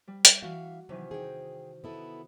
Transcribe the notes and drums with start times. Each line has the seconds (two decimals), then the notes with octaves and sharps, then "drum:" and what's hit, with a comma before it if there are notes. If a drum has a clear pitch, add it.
0.08 G3
0.25 drum: hi-hat
0.43 E3 F#4 E5 F5
0.89 C3 D#3 E3 F#3
1.11 D#4 G#4 G5
1.84 B3 E4 A4 D#5